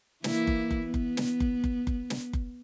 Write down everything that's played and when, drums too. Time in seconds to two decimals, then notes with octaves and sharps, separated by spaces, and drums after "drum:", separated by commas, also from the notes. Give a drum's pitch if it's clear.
0.24 E3 A#3 E4, drum: snare
0.47 drum: kick F#1
0.71 drum: kick F#1
0.85 B3
0.94 drum: kick F#1
1.17 drum: snare
1.40 drum: kick F#1
1.64 drum: kick F#1
1.87 drum: kick F#1
2.10 drum: snare
2.33 drum: kick F#1